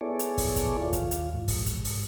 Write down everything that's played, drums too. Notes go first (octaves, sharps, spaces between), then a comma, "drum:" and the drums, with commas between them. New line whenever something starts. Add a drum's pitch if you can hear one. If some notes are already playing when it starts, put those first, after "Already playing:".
B3 E4 G#4 A4 C#5 D5
drum: hi-hat
drum: kick, open hi-hat
drum: kick, hi-hat
D#2 F4
drum: kick, hi-hat
drum: hi-hat
G#2
drum: kick, open hi-hat
drum: kick, hi-hat
drum: open hi-hat